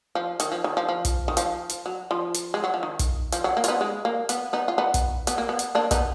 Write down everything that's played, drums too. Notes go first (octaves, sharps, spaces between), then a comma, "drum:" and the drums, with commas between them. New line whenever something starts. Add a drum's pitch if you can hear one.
F3
D#3, drum: hi-hat
F3
D#3
F3
F3
drum: kick, hi-hat
D#3
F3, drum: hi-hat
drum: hi-hat
F#3
F3
drum: hi-hat
G#3
F#3
F3
D#3
drum: kick, hi-hat
F3, drum: hi-hat
F#3
A#3
F4, drum: hi-hat
B3 D#4
G#3
A#3
B3, drum: hi-hat
B3 D#4
F4
B3 D#4
drum: kick, hi-hat
B3, drum: hi-hat
A#3
B3
drum: hi-hat
A#3 D4
B3 D#4, drum: kick, hi-hat